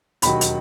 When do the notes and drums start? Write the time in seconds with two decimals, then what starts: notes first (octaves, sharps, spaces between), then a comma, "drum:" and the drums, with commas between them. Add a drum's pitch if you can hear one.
0.22 E1 D#2 D#3 F#3 B5, drum: hi-hat
0.41 drum: hi-hat